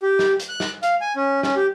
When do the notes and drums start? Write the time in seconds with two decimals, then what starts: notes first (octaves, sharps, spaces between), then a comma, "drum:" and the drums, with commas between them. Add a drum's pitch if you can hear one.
0.03 G4
0.19 drum: snare
0.40 drum: hi-hat
0.49 F#6
0.60 drum: snare
0.83 F5, drum: hi-hat
1.01 G#5
1.16 C#4
1.43 C#4, drum: snare
1.56 G4